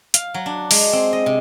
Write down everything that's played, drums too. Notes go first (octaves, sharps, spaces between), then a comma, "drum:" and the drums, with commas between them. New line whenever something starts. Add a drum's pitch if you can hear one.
F5, drum: hi-hat
F#3
D4
G#3, drum: open hi-hat
C4
D#5
C3